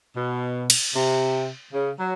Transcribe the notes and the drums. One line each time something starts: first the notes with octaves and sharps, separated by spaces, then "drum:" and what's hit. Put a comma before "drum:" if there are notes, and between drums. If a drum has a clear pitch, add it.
B2
drum: cymbal
C3
C#3
F#3